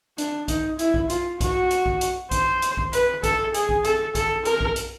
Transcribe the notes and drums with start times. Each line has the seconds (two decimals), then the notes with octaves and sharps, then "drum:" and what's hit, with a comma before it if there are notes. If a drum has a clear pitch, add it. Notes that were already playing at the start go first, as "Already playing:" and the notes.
0.18 D4, drum: hi-hat
0.48 D#4, drum: kick B1, hi-hat
0.79 E4, drum: hi-hat
0.94 drum: kick B1
1.10 F4, drum: hi-hat
1.41 F#4, drum: kick B1, hi-hat
1.70 drum: hi-hat
1.86 drum: kick B1
2.01 drum: hi-hat
2.31 C5, drum: kick B1, hi-hat
2.62 drum: hi-hat
2.77 drum: kick B1
2.93 B4, drum: hi-hat
3.23 A4, drum: kick B1, hi-hat
3.54 G#4, drum: hi-hat
3.69 drum: kick B1
3.84 A4, drum: hi-hat
4.15 A4, drum: kick B1, hi-hat
4.45 A#4, drum: hi-hat
4.61 drum: kick B1
4.76 drum: hi-hat